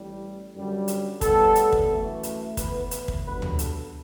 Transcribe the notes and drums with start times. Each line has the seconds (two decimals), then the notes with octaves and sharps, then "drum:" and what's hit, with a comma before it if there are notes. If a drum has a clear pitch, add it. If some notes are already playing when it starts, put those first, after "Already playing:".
Already playing: A1 A2 G3
0.54 F#2 D3 G3
0.88 drum: hi-hat
1.21 A2 G3 B3 A4, drum: kick, hi-hat
1.55 drum: hi-hat
1.72 drum: kick
1.89 F#2 E3 A3
2.23 drum: hi-hat
2.57 A2 E3 B3 B4, drum: kick, hi-hat
2.91 drum: hi-hat
3.08 drum: kick
3.25 G2 D3 F#3 B3 B4
3.42 drum: tom
3.59 A4, drum: hi-hat